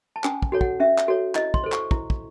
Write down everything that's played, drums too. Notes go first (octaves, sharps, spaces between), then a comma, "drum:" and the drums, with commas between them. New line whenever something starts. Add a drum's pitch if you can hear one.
A5
C#4 G#5, drum: clap
drum: kick
F#4 A4 C#5
F#5, drum: kick
C#4 E5
drum: clap
F#4 A4 C#5
E4 D#5, drum: clap
C6, drum: kick
A4 C5
C#6, drum: clap
E4, drum: kick
drum: kick